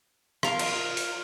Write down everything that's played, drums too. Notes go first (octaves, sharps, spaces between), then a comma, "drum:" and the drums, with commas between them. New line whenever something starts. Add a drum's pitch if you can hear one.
F4 A#4, drum: rim click
drum: cymbal
drum: open hi-hat